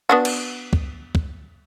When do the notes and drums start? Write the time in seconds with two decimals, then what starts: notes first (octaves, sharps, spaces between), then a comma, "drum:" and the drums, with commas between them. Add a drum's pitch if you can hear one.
0.09 B3 D4 F#4
0.25 drum: cymbal
0.73 drum: kick
1.15 drum: kick